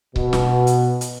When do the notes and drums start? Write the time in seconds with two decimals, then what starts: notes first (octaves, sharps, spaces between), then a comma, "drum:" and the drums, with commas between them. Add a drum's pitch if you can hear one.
0.16 B2, drum: kick C#1
0.33 drum: snare
0.67 drum: hi-hat
1.01 drum: hi-hat